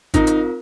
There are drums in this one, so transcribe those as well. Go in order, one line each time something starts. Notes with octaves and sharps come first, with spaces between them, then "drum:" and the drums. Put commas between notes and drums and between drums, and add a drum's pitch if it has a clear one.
C4 D#4 F4 A#4, drum: kick G#1, hi-hat
drum: hi-hat